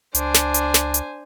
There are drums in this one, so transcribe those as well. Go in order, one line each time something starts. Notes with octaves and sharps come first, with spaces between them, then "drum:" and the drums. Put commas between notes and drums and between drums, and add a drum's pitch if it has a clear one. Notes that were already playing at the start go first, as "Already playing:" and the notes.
C#2 D4 C5 G#5, drum: hi-hat
drum: snare
drum: hi-hat
drum: snare
drum: hi-hat